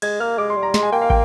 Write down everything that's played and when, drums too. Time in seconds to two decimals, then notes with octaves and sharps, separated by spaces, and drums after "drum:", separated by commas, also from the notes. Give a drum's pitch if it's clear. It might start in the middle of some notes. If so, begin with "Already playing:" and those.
0.02 G#3 G#6, drum: cymbal
0.20 A#3 F6
0.38 G#3 D6
0.50 C6
0.56 G3
0.63 A#5
0.74 G#3 C6, drum: snare
0.83 G#5
0.92 A#3 G5
1.02 F5
1.10 G5, drum: kick